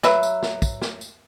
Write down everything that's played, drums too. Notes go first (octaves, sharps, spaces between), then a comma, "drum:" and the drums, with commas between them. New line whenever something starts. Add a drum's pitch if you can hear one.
F#3 B4 E5, drum: snare
drum: tambourine
drum: snare
drum: kick, tambourine
drum: snare
drum: tambourine